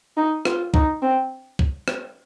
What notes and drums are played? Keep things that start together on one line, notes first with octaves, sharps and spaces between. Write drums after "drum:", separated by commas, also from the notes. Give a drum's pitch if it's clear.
D#4
F4, drum: rim click
D#4, drum: kick
C4
drum: kick
drum: rim click